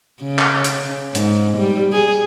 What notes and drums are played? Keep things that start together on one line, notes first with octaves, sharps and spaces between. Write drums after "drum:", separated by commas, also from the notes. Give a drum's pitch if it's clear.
C#3
drum: clap
drum: hi-hat
G#2, drum: hi-hat
G3
G#4